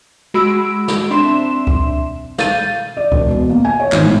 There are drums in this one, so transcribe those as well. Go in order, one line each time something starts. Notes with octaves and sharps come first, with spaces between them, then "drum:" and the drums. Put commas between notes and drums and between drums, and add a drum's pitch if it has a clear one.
G#3 F#4 B5 E6 D7
drum: snare
C4 D4 E5 C6 E7
drum: kick C#2
F5 G6 A6 D#7, drum: snare
D5
E1, drum: kick C#2
B2
A#3
G#5
C#5
G#1, drum: clap
A2